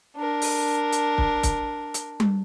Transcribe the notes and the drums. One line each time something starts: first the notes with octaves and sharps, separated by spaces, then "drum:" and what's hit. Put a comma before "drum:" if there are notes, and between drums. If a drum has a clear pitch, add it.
D4 A#4
drum: open hi-hat
drum: hi-hat
drum: kick
drum: kick, hi-hat
drum: hi-hat
drum: tom G3